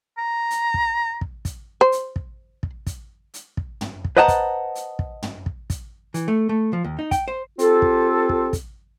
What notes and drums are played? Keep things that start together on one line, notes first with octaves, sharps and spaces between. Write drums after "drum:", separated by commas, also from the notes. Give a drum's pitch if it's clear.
A#5
drum: hi-hat
drum: kick
drum: kick
drum: kick, hi-hat
C5
drum: hi-hat
drum: kick
drum: kick
drum: kick, hi-hat
drum: hi-hat
drum: kick
drum: tom
drum: kick
B4 C5 D#5 F#5 A5 A#5
drum: kick, hi-hat
drum: hi-hat
drum: kick
drum: tom
drum: kick
drum: kick, hi-hat
E3, drum: hi-hat
A3
A3
F3
D#2
D#4
G5, drum: kick, hi-hat
C5
C4 F4 G4 A4, drum: hi-hat
drum: kick
drum: kick
drum: kick, hi-hat